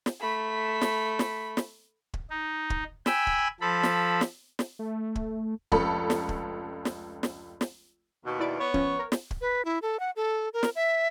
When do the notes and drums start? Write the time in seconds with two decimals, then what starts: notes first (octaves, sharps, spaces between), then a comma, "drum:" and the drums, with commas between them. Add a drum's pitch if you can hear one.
0.06 drum: snare
0.21 A3 B5
0.81 drum: snare
1.19 drum: snare
1.57 drum: snare
2.14 drum: kick
2.30 D#4
2.70 drum: kick
3.06 G5 G#5 B5 E6, drum: snare
3.27 drum: kick
3.61 F3 A4 B5
3.83 drum: snare
4.21 drum: snare
4.59 drum: snare
4.79 A3
5.15 drum: kick
5.72 F1 C#2 A4 B5, drum: kick
6.10 drum: snare
6.29 drum: kick
6.85 drum: snare
7.23 drum: snare
7.61 drum: snare
8.25 D#2 B2
8.40 E4 D5 D7
8.59 B3 C#5
8.74 F3 C#4, drum: kick
8.99 A#4
9.12 drum: snare
9.31 drum: kick
9.41 B4
9.65 E4
9.82 A4
10.00 F#5
10.16 A4
10.53 A#4
10.63 drum: snare
10.76 E5